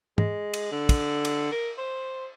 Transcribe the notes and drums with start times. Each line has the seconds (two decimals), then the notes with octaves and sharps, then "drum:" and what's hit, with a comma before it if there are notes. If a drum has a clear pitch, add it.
0.18 G#3, drum: tom
0.54 drum: cymbal
0.72 D3
0.89 drum: kick, cymbal
1.25 drum: cymbal
1.52 A#4
1.78 C5